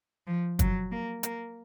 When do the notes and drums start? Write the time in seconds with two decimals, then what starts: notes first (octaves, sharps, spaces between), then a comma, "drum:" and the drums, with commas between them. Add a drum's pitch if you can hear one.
0.27 F3
0.59 F#3, drum: kick, hi-hat
0.91 A#3
1.23 A#3, drum: hi-hat